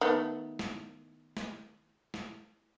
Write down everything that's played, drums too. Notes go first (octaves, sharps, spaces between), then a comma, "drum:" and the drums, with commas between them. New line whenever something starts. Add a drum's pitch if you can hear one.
D#3 A3 B3
drum: snare
drum: snare
drum: snare